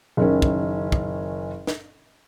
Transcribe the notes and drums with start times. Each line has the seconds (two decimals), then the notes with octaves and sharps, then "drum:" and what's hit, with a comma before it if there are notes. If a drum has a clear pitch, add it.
0.17 F#1 D#3 C#4
0.42 drum: kick
0.92 drum: kick
1.67 drum: snare